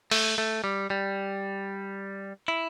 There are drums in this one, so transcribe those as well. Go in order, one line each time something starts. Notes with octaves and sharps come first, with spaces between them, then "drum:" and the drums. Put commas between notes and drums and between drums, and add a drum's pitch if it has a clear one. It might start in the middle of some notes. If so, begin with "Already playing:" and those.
A3, drum: open hi-hat
A3
G3
G3
E4